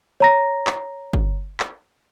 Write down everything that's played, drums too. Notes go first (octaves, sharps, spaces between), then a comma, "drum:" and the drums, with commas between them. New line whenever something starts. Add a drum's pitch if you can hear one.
C#5 A#5 A#6
drum: clap
drum: kick
drum: clap